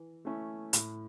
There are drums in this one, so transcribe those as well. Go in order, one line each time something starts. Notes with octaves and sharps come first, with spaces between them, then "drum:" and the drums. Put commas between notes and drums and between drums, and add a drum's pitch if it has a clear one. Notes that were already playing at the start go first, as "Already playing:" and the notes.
Already playing: E3
A3 C#4 E4
A2, drum: hi-hat